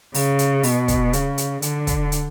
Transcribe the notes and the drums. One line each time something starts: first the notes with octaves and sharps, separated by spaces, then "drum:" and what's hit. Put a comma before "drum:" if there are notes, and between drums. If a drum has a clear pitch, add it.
C#3, drum: open hi-hat
drum: hi-hat
B2, drum: open hi-hat
drum: kick, hi-hat
C#3, drum: hi-hat
drum: hi-hat
D3, drum: hi-hat
drum: kick, hi-hat
drum: hi-hat